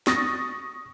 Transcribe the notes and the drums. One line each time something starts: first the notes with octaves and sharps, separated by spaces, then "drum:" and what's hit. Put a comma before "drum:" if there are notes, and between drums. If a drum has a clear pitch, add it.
C#6 D#6 A6 A#6, drum: snare